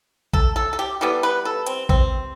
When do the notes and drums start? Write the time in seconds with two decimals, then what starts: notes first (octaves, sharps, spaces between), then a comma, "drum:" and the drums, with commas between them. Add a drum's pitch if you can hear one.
0.34 A4, drum: kick
0.56 A4
0.73 A4
0.79 G4
1.01 E3 G3 B3 A4
1.23 B4
1.45 A4
1.67 C4, drum: hi-hat
1.89 C4, drum: kick